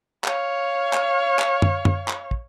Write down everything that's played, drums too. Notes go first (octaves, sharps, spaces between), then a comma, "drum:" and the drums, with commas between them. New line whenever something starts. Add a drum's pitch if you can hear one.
C#5 F5, drum: clap
drum: clap
drum: clap
drum: tom
drum: tom
drum: clap
drum: kick